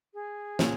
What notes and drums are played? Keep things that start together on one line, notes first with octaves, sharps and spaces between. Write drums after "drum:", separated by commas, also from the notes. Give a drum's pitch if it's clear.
G#4
A#2 A#3 F4 C#5, drum: snare